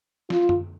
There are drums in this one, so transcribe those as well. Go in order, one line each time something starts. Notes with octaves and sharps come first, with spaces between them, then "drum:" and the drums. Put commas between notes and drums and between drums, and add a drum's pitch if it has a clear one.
F4, drum: snare
drum: tom F#2